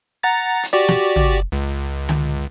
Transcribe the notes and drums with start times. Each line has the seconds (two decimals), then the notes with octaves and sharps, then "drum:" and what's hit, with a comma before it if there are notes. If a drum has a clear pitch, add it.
0.23 F#5 A#5 A6
0.63 drum: hi-hat
0.73 F#4 G4 D5
0.88 drum: snare
1.16 drum: tom
1.52 C#2
2.09 drum: tom D3